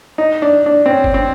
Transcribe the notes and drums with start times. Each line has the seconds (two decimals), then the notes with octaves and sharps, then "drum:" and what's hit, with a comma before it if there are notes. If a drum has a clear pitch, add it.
0.18 D#4
0.42 D4
0.66 D4
0.86 C4
0.90 C#4
1.04 drum: kick G1
1.14 C4